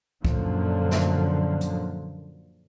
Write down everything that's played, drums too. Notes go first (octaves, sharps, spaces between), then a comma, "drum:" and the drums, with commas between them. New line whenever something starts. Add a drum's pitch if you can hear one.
F#2 A#2 D3 F3, drum: kick C#2
drum: snare
drum: hi-hat